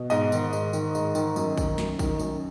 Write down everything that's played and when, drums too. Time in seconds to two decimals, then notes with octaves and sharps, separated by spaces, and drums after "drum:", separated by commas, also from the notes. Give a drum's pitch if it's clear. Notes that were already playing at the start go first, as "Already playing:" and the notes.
Already playing: B2
0.10 G#2 D#5, drum: tambourine
0.32 D#3, drum: tambourine
0.53 G#2, drum: tambourine
0.73 D#3, drum: tambourine
0.95 G#2, drum: tambourine
1.15 D#3, drum: tambourine
1.36 F#2, drum: tambourine
1.57 D#3, drum: kick, tambourine
1.78 F#2, drum: snare
1.99 D#3, drum: kick, tambourine
2.19 F#2, drum: tambourine